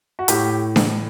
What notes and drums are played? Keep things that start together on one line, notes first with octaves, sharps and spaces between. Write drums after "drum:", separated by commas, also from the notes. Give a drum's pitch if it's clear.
F#4
A2 G4, drum: hi-hat
E3, drum: snare D4